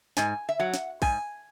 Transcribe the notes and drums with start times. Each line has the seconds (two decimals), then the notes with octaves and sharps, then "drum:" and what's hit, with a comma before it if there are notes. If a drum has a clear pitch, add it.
0.17 G#2 G#5, drum: snare
0.49 E5
0.60 F#3 F#5
0.74 drum: snare
1.02 G#2 G#5, drum: kick, open hi-hat